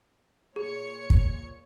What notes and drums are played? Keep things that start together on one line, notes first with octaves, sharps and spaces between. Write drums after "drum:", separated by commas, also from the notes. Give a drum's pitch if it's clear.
A#2 G#4 C#5 C#7
drum: kick